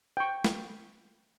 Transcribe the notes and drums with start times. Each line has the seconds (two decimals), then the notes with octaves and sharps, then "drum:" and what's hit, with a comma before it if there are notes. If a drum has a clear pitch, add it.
0.17 G5 C#6
0.44 drum: snare